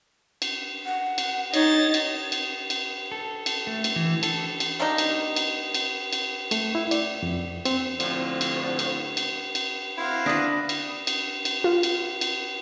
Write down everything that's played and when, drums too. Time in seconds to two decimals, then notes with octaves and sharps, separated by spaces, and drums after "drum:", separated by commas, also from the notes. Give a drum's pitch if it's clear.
0.42 drum: cymbal
0.85 F#5
1.18 drum: cymbal
1.54 D#4 C#5 D#5 A6, drum: cymbal
1.94 drum: cymbal
2.32 drum: cymbal
2.70 drum: cymbal
3.12 A4
3.46 drum: cymbal
3.67 A3
3.84 drum: cymbal
3.96 E3
4.23 A4, drum: cymbal
4.60 drum: cymbal
4.80 G3 A#3 D4 D#4
4.98 drum: cymbal
5.36 drum: cymbal
5.74 drum: cymbal
6.13 drum: cymbal
6.51 A3, drum: cymbal
6.75 E4
6.91 D5, drum: cymbal
7.23 F2
7.65 C4, drum: cymbal
8.00 A2 D3 F3 C4, drum: cymbal
8.41 drum: cymbal
8.79 drum: cymbal
9.17 drum: cymbal
9.55 drum: cymbal
9.98 C4 E4 F#4 F5
10.26 D4 B4 D#6 A#6
10.69 drum: cymbal
11.07 drum: cymbal
11.45 drum: cymbal
11.64 F4
11.83 drum: cymbal
12.21 drum: cymbal